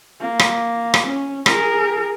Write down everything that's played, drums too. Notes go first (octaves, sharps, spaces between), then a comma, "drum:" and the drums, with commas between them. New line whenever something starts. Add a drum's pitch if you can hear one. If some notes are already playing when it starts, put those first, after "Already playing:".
A#3
drum: rim click
drum: rim click
C#4
G#4 A#4, drum: rim click